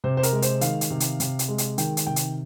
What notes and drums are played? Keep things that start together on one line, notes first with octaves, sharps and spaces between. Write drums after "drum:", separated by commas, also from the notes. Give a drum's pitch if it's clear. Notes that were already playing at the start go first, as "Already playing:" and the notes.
C3 C5
C5
A#4, drum: hi-hat
G#3
C5, drum: hi-hat
D#3 F5, drum: hi-hat
drum: hi-hat
C3
drum: hi-hat
C3, drum: hi-hat
drum: hi-hat
G#3
drum: hi-hat
D#3 G5, drum: hi-hat
drum: hi-hat
C3 G5
drum: hi-hat